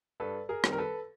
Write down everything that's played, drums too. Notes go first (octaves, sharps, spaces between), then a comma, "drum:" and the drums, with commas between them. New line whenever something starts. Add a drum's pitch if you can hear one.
G2 A4 B4
G#4 A#4
D#3 G3 C4, drum: rim click
A#4
A4 B4